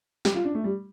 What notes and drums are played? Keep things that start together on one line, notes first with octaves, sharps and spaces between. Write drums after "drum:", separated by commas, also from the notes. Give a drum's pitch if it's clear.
G4, drum: snare
F4
D4
A3
G3